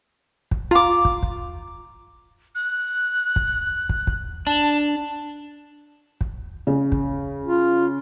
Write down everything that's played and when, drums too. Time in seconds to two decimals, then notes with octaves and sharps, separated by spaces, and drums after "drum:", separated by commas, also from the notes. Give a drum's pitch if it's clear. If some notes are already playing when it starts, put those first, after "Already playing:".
0.51 drum: kick
0.71 F4 A#5 D6
1.05 drum: kick
1.23 drum: kick
2.55 F#6
3.36 drum: kick
3.89 drum: kick
4.07 drum: kick
4.47 D4 A5
6.21 drum: kick
6.67 C#3
6.92 drum: kick
7.45 F4